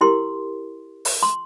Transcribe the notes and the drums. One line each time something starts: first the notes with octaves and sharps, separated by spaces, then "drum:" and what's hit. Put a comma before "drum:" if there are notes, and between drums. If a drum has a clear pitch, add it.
E4 G4 A#4 C6
drum: open hi-hat
C6